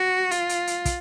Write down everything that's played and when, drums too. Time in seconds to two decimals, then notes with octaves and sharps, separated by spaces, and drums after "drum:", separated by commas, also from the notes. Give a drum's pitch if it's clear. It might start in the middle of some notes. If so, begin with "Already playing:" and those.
Already playing: F#4
0.31 F4, drum: hi-hat
0.49 drum: hi-hat
0.67 drum: hi-hat
0.85 drum: kick, hi-hat